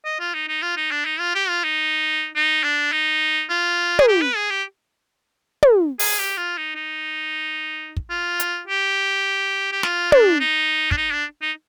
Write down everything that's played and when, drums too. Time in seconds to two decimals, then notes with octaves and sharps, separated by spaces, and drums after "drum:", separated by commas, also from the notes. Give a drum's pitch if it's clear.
0.05 D#5
0.20 F4
0.34 D#4
0.48 D#4
0.62 F4
0.77 D#4
0.91 D4
1.05 D#4
1.20 F4
1.35 G4
1.48 F4
1.64 D#4
2.35 D#4
2.63 D4
2.92 D#4
3.49 F4
3.99 G#4, drum: tom
4.08 G4
4.21 B4
4.36 G#4
4.50 G4
5.63 drum: tom
5.99 G#4, drum: open hi-hat
6.19 G4
6.37 F4
6.57 D#4
6.75 D#4
7.97 drum: kick
8.10 F4
8.40 drum: hi-hat
8.68 G4
9.72 G4
9.83 F4, drum: snare
10.12 D4, drum: tom
10.40 D#4
10.91 D4, drum: kick
10.97 D#4
11.12 D4
11.41 D#4